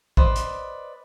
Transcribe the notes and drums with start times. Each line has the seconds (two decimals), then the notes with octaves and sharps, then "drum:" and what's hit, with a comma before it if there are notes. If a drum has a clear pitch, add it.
0.17 B4 C5 D5 D#5, drum: kick
0.36 drum: hi-hat